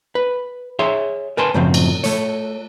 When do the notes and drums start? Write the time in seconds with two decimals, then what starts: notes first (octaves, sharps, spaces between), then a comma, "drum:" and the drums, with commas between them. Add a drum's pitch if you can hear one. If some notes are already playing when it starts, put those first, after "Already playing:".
0.15 B4
0.79 G#4 C#5 E5 C6
1.37 A#4 B4 G#5 A5 C6
1.54 F#2 A2 C#3 F3 F#3 C4
1.74 drum: cymbal
2.04 A3 C#5, drum: hi-hat